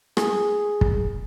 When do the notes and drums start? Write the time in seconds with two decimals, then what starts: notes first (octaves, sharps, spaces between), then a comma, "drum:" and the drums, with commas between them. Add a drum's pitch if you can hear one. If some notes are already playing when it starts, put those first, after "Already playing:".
0.17 G#4, drum: rim click
0.81 drum: kick